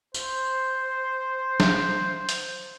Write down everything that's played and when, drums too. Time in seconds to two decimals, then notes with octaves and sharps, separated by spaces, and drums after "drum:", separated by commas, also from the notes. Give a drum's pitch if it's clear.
0.14 C5, drum: tambourine
1.60 drum: snare
2.29 drum: hi-hat